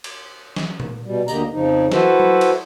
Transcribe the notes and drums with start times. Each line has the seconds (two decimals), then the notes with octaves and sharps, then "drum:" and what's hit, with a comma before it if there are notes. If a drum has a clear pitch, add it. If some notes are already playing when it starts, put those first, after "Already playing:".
0.04 drum: cymbal
0.56 drum: snare
0.80 drum: tom A#2
1.04 B2 G3
1.28 D2 D3 A#3 G4 D#5 A#5, drum: tambourine
1.51 F2 C#3 F3 D#4
1.92 E4 F#4 A4 B4 C5, drum: snare
2.20 drum: tom F#3
2.41 drum: cymbal